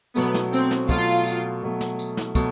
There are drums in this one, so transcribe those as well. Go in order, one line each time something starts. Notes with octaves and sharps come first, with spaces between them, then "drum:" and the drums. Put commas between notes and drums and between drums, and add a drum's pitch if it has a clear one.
B2 F#3 A3 B3, drum: tambourine
drum: snare
C4, drum: tambourine
drum: snare
B2 F#3 A3 F4, drum: kick, tambourine
drum: tambourine
B2 F#3 A3
drum: snare
drum: tambourine
drum: snare
B2 F#3 A3, drum: kick, tambourine